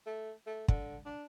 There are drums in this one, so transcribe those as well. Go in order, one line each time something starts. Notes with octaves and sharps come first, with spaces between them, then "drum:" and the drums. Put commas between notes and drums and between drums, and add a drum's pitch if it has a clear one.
A3
A3
D3, drum: kick
D4